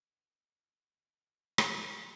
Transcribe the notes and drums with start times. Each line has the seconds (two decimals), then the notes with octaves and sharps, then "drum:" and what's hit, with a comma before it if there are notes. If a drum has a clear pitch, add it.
0.08 A#2 D#3 D4 G4 B4 C5
0.65 B6
0.94 D#2 D3
1.58 drum: rim click